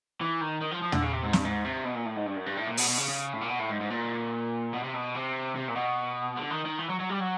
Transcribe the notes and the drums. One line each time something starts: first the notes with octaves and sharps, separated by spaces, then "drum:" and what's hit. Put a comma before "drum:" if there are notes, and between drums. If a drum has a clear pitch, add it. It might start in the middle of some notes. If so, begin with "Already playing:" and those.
E3
D#3
D#3
F3
F3
D3, drum: tom
C#3
C3
G#2
G2, drum: snare
G#2
C3
B2
A#2
A2
G#2
G2
F#2
G2
A2
A#2
B2, drum: open hi-hat
B2
C#3
C#3
A2
A#2
B2
A2
G#2
G#2
A#2
B2
C3
B2
C3
C3
A#2
B2
D3
D#3
D#3
E3
F#3
F#3
G3
F#3